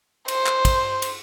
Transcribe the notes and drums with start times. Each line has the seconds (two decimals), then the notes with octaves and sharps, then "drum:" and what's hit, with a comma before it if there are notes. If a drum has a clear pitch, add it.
0.28 C5, drum: cymbal
0.46 drum: clap
0.65 drum: kick, cymbal
1.02 drum: cymbal